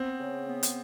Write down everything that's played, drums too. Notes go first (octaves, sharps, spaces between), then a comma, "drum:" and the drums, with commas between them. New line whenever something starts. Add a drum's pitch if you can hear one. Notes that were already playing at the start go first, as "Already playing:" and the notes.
Already playing: B3 C4
C#3
B3
drum: hi-hat